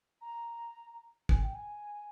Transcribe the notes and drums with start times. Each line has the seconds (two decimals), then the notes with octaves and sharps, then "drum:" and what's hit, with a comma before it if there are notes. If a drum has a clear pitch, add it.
0.21 A#5
1.29 G#5, drum: kick
1.42 G5
1.54 G#5